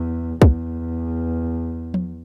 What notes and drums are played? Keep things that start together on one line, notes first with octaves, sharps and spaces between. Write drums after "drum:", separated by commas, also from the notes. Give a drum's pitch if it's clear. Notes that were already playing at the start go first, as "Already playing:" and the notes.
Already playing: E2
E2, drum: kick
drum: tom F3